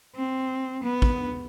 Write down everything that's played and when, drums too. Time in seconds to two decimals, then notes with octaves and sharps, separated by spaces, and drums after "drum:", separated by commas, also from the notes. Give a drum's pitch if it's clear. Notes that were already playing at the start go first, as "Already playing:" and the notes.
0.16 C4
0.83 B3
1.02 drum: kick